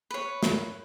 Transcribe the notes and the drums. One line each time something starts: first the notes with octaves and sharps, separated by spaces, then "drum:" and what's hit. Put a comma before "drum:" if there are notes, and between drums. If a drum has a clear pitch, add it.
B4 C#5
drum: snare